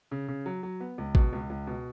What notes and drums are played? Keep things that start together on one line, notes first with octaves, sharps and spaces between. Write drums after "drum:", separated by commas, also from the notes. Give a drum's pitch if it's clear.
C#3
C#3
F#3
F#3
B3
C#2
B2, drum: kick A1
C#2
C#2
B2